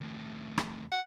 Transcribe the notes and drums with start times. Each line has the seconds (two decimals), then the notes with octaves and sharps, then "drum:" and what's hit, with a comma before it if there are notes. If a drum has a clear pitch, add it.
0.01 D#2 A2
0.58 drum: rim click
0.92 F#5